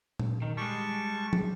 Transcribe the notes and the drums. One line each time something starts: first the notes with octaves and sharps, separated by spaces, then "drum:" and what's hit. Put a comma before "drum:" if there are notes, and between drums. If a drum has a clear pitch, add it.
drum: tom A#2
D#3
G3 G#3 A5 C#6
drum: tom